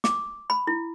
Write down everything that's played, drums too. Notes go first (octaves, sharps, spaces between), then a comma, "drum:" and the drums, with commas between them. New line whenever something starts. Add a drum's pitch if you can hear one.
D6, drum: snare
B5
E4